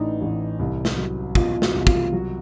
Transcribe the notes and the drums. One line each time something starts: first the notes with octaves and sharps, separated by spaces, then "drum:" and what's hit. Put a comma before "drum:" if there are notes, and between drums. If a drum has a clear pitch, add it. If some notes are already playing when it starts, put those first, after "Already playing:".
Already playing: A1 A2 E3 D4 D#4
A1
C2
drum: snare
F#3
B2 F4, drum: kick
F#4, drum: snare
C2
F4, drum: kick
F#3 F#4